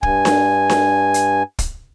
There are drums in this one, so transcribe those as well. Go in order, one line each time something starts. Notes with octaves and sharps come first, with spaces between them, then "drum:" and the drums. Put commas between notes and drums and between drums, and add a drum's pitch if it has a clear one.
G2 G#5, drum: kick
drum: snare D4
drum: snare D4
drum: hi-hat
drum: kick, hi-hat